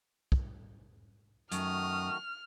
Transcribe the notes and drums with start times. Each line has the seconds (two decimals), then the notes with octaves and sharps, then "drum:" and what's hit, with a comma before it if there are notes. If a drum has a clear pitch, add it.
0.32 drum: kick
1.52 F#2 D#3 A3 F#4 D#6 F6, drum: hi-hat